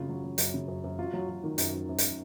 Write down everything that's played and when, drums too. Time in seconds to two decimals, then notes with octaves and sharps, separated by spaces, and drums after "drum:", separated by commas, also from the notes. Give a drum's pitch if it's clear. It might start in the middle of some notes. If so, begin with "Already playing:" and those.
Already playing: F#2 C#3 F4
0.09 F#3
0.24 F#3
0.38 F#2, drum: hi-hat
0.54 C#3
0.68 F#2
0.84 F#2
0.99 F#3 F4
1.13 F#3
1.29 F#3
1.44 D#3
1.58 F#2, drum: hi-hat
1.73 F#2
1.89 F#2
1.98 drum: hi-hat